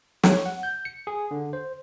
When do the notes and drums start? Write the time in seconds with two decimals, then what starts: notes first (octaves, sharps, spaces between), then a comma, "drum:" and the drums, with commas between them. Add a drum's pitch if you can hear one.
0.23 C#5, drum: snare
0.46 F#5
0.63 G6
0.85 C#7
1.07 G#4
1.31 D3
1.53 C5